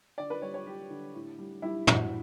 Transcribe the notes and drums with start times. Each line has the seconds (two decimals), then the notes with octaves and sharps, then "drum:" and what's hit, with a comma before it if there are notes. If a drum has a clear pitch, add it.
0.18 D3 D5
0.30 B4
0.42 G3 C#5
0.54 C#5
0.67 G3 G4
0.90 D3
1.14 A2
1.38 G3
1.62 G3 E4
1.87 A2 F#4, drum: tom